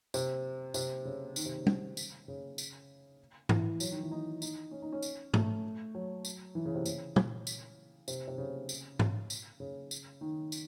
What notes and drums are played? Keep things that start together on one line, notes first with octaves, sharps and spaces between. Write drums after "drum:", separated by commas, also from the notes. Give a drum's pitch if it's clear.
C3, drum: tambourine
C3, drum: tambourine
C#3
D#3, drum: tambourine
C3
C#3
drum: tom
drum: tambourine
C#3
drum: tambourine
E3, drum: tom G#2
F#3, drum: tambourine
D#3
E3
D#4
D#4, drum: tambourine
C#4
D#4
C#4
drum: tambourine
A3, drum: tom G#2
F#3
drum: tambourine
E3
C#3
C3
C#3, drum: tambourine
drum: tom
drum: tambourine
C3, drum: tambourine
C3
C#3
drum: tambourine
drum: tom G#2
drum: tambourine
C#3
drum: tambourine
D#3
drum: tambourine